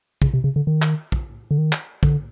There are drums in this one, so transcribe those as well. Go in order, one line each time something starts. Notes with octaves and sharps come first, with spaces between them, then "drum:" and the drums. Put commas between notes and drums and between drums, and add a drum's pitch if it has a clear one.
C#3, drum: kick
C3
C#3
D3
D#3
drum: clap
drum: kick
D3
D#3
drum: clap
D3, drum: kick